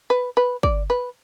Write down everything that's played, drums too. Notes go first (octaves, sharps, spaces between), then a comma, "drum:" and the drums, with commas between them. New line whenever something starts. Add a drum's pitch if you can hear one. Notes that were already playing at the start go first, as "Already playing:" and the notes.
B4
B4
D5, drum: kick
B4